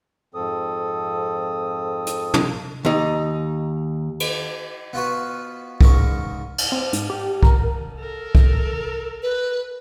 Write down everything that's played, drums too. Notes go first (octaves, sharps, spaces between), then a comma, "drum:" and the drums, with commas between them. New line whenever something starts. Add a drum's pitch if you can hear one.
F2 G#2 F3 C4 A4 D#6
drum: hi-hat
drum: tom
D#2 D#4
drum: cymbal
B3 F4 F#4 B4
C#2 G#2 A#4 C#6, drum: kick
drum: cymbal
C4
G#2, drum: hi-hat
G4
A#4, drum: kick
A4 A#4
drum: kick
B4